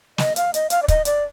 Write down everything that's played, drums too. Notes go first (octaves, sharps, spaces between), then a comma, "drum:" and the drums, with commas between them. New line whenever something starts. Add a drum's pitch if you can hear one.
D#5, drum: snare
F5, drum: hi-hat
D#5, drum: hi-hat
F5, drum: hi-hat
D5
D#5, drum: kick, hi-hat
D5, drum: hi-hat